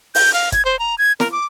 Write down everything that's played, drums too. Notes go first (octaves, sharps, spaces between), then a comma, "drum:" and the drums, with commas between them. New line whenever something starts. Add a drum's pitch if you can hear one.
G6, drum: open hi-hat
F5
G#6, drum: kick, hi-hat
C5
A#5
G#6
A#4, drum: snare
D6